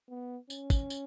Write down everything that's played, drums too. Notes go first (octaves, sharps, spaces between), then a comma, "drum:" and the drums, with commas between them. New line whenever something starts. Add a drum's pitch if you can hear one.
B3
C#4, drum: tambourine
drum: kick, tambourine
drum: tambourine